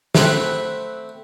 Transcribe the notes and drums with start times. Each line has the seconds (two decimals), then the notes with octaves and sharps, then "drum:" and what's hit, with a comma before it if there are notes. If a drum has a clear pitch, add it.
0.15 A3 C4 F#5 B5, drum: snare